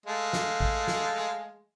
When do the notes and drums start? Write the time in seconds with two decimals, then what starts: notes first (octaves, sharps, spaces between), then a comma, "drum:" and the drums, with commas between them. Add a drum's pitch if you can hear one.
0.06 G#3 A3 F5
0.33 drum: snare
0.60 drum: kick A1
0.88 drum: snare